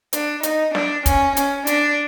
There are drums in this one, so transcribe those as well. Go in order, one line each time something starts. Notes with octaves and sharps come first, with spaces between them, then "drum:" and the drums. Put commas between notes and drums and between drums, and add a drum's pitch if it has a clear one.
D4, drum: hi-hat
D#4, drum: hi-hat
D4, drum: snare
C#4, drum: kick, hi-hat
C#4, drum: hi-hat
D4, drum: hi-hat